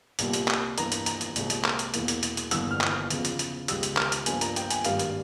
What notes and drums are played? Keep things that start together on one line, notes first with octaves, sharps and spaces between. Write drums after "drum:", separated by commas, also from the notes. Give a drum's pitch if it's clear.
C2 A#2 G3 A#3, drum: hi-hat
drum: hi-hat
drum: clap
G2 E3 A#3 A#5, drum: hi-hat
drum: hi-hat
A#5, drum: hi-hat
drum: hi-hat
C2 A#2 G#3 C4, drum: hi-hat
drum: hi-hat
drum: clap
drum: hi-hat
E1 E2 E3 A#3, drum: hi-hat
drum: hi-hat
drum: hi-hat
drum: hi-hat
G1 G2 E3 A#3 E6, drum: hi-hat
F6
drum: clap
F6
E2 C#3 F3, drum: hi-hat
drum: hi-hat
drum: hi-hat
C#2 C#3 G3 E6, drum: hi-hat
drum: hi-hat
F6, drum: clap
drum: hi-hat
G2 F3 A#3 G#5, drum: hi-hat
A#5, drum: hi-hat
G5, drum: hi-hat
G#5, drum: hi-hat
G#1 G2 G3 A#3 F5, drum: hi-hat
drum: hi-hat